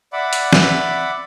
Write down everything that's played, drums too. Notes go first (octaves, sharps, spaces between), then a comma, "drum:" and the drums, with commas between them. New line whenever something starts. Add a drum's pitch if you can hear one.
D5 E5 F#5 B5 D6
drum: hi-hat
drum: snare